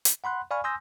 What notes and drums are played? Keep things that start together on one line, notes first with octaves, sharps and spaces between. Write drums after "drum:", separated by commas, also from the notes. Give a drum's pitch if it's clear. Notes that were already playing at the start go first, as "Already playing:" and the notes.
drum: hi-hat
F#5 B5 C6 F#6
D5 F5 G#5 B5 C#6 F6
G#5 C6 D#6 E6 G6 A#6